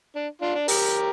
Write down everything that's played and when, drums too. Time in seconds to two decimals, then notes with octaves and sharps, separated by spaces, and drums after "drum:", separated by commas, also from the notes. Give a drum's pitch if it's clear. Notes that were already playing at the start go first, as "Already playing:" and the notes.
0.15 D4
0.41 D4 F4
0.55 D4
0.68 G4 A#4, drum: open hi-hat